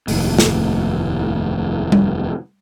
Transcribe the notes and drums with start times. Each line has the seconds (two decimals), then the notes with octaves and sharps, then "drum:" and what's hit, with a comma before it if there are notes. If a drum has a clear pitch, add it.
0.08 F1 D#2 A2, drum: open hi-hat
0.39 drum: snare
1.92 drum: tom G3